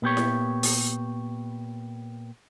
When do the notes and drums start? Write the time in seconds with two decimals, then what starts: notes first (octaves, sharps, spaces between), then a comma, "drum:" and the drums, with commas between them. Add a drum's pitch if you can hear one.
0.02 A#2 B3 G4 C#5
0.17 drum: snare E4
0.63 drum: open hi-hat